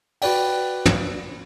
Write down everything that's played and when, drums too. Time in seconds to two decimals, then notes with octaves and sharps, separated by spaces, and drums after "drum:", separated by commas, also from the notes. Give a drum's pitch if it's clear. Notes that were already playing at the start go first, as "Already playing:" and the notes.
0.22 F#4 B4 D5 G5, drum: open hi-hat
0.86 drum: tom